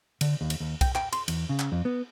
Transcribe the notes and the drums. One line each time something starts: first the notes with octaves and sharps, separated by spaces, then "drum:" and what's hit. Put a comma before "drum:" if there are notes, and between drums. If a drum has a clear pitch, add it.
D3, drum: cymbal
D#2
drum: cymbal
D#2
G5, drum: kick B1, cymbal
G5, drum: clap
C6, drum: cymbal
E2, drum: cymbal
C#3
drum: clap
F2
B3